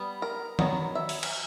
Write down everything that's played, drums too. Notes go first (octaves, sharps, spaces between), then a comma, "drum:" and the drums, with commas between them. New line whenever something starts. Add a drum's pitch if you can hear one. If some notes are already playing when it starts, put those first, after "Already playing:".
Already playing: G3 B3
A#4
D#3 F#3 B3, drum: tom D#3
E5
drum: open hi-hat
drum: cymbal